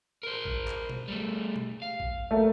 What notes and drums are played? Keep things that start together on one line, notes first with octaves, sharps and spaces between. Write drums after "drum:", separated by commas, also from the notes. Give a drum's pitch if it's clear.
A#4 C5
drum: kick A1
drum: clap
drum: tom B2
G3 A3
drum: tom B2
F5
drum: kick A1
A3 A#4